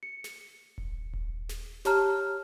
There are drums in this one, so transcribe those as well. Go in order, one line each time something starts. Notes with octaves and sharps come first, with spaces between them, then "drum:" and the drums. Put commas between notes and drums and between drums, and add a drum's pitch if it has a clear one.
C#7
drum: snare
drum: kick D#1
drum: kick D#1
drum: snare
G4 C#5 A5 A#5 F6, drum: snare